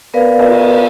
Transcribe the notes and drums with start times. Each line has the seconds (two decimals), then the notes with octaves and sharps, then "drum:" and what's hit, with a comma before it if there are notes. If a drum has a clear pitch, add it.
0.14 B3 A#4 B4 D5 F5
0.39 drum: cymbal